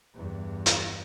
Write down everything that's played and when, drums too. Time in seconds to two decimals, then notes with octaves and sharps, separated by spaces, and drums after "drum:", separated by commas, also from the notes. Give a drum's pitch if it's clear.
0.14 E2 G2
0.66 drum: hi-hat